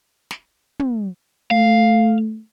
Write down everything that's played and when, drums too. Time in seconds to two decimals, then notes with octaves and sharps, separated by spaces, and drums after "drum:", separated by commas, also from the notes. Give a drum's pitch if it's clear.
0.31 drum: snare
0.79 drum: tom
1.51 A3 F5